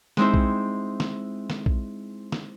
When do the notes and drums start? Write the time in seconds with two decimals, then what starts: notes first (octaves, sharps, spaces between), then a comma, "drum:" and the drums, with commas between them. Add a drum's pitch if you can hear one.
0.17 G#3 C4 D#4 E4 C5, drum: snare
0.34 drum: kick A#1
1.00 drum: snare
1.50 drum: snare
1.66 drum: kick A#1
2.32 drum: snare